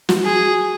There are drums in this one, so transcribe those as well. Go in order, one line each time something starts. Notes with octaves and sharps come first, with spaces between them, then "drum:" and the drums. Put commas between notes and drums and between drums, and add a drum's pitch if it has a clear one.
F#4, drum: snare
G#4